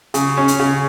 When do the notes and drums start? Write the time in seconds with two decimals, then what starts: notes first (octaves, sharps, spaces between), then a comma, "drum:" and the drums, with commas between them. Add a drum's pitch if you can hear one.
0.14 C#3, drum: hi-hat
0.37 C#4
0.48 drum: hi-hat
0.60 C#3